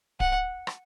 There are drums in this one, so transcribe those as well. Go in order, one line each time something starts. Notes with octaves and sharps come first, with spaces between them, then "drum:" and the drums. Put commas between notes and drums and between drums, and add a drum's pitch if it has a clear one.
F#5, drum: kick D1
drum: rim click